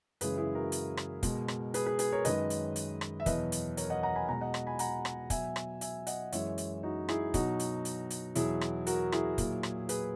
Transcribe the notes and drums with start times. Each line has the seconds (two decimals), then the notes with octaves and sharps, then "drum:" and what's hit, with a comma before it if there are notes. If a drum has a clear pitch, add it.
0.21 F#2 C#3 E3 G#3 G#4 B4, drum: hi-hat
0.38 E4 G#4
0.55 F#4 A#4
0.72 drum: hi-hat
0.97 drum: rim click
1.23 B2 G#3, drum: kick, hi-hat
1.48 drum: rim click
1.74 G#4 B4, drum: hi-hat
1.86 G#4 B4
1.99 G#4 B4, drum: hi-hat
2.12 A#4 C#5
2.25 F#2 D#3 G#3 B4 D#5, drum: hi-hat
2.50 drum: hi-hat
2.76 drum: hi-hat
3.01 drum: rim click
3.20 E5
3.26 E2 B2 F#3 B4 D#5, drum: kick, hi-hat
3.52 drum: hi-hat
3.77 A#4 C#5, drum: hi-hat
3.90 D#5 F#5
4.03 F#5 A#5
4.16 G#5 B5
4.28 B2 G#3 F#5 A#5
4.41 D#5 F#5
4.54 drum: rim click
4.67 G#5 B5
4.79 F#5 A#5, drum: hi-hat
5.05 drum: rim click
5.30 B2 F#3 E5 G#5, drum: kick, hi-hat
5.56 drum: rim click
5.81 E5 G#5, drum: hi-hat
6.07 D#5 F#5, drum: hi-hat
6.32 F#2 E3 G#3 C#5 E5, drum: hi-hat
6.58 drum: hi-hat
6.83 D#4 F#4
7.09 E4 G#4, drum: rim click
7.34 B2 F#3 D#4 F#4, drum: kick, hi-hat
7.60 drum: hi-hat
7.85 drum: hi-hat
8.10 drum: hi-hat
8.35 E2 B2 F#3 E4 G#4, drum: hi-hat
8.61 drum: rim click
8.87 F#4 A#4, drum: hi-hat
9.12 E4 G#4, drum: rim click
9.38 A#2 F#3, drum: kick, hi-hat
9.63 drum: rim click
9.89 G#4 B4, drum: hi-hat